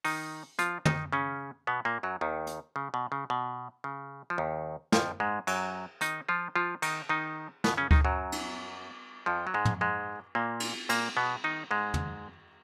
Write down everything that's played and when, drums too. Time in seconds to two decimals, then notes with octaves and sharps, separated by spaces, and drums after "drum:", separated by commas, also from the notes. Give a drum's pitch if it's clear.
0.05 D#3 D#4, drum: open hi-hat
0.59 F3 F4, drum: hi-hat
0.85 D#3 D#4, drum: tom
1.12 C#3 C#4
1.67 B2 B3
1.85 A#2 A#3
2.03 F#2 F#3
2.21 D#2 D#3
2.47 drum: hi-hat
2.76 C#3
2.94 B2
3.12 C#3
3.30 B2
3.84 C#3
4.30 F3
4.38 D#2 D#3
4.92 F2 F3, drum: snare
5.20 G#2 G#3
5.47 F#2 F#3, drum: cymbal
6.01 D#3 D#4, drum: hi-hat
6.29 F3 F4
6.56 F3 F4
6.82 D#3 D#4, drum: cymbal
7.09 D#3 D#4
7.64 B2 B3, drum: snare
7.77 C#3 C#4
7.91 D#3 D#4, drum: kick D2
8.05 F#2 F#3
8.32 drum: cymbal
9.26 F2 F3
9.47 F#3
9.54 G#2 G#3
9.65 drum: tom
9.81 G#2 G#3
10.35 A#2 A#3
10.60 drum: cymbal
10.89 A#2 A#3, drum: cymbal
11.17 B2 B3
11.44 D#3 D#4
11.71 G#2 G#3
11.94 drum: tom